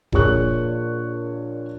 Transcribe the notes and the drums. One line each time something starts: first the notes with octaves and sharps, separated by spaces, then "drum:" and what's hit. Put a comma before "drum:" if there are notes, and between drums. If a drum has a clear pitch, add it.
A#1 A#2 G#4 C#5 C#6 F#6, drum: kick D#1